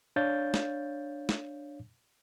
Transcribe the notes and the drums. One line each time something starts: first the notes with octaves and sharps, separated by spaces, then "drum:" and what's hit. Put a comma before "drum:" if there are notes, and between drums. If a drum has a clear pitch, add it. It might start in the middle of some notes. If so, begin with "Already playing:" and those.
D4 C#5 F5 G6 A6
drum: snare
drum: snare